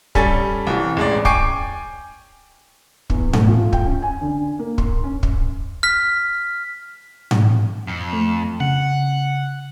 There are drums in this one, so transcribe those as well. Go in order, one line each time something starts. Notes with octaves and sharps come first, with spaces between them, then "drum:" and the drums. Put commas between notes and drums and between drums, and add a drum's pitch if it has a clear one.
G3 C#4 A4 G#5 A6, drum: kick
C2 E3
A1 G#3 C#4 D5
G5 G#5 C#6 D6 C7 D7, drum: kick
E2, drum: kick
A3, drum: tom G#2
F4
G5, drum: kick
C#4
G#5
D3
A#3
C6, drum: kick
C#4
drum: kick
F6 B6
drum: tom G#2
F2
A3
C#3 F#5